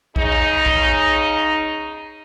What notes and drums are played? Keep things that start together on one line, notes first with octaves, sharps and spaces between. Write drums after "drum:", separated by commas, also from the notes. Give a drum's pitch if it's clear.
C#3 D#4, drum: kick
drum: kick